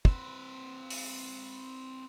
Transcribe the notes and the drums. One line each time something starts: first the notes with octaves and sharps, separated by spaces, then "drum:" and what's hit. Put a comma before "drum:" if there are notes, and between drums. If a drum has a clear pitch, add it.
C4 B4, drum: kick
drum: open hi-hat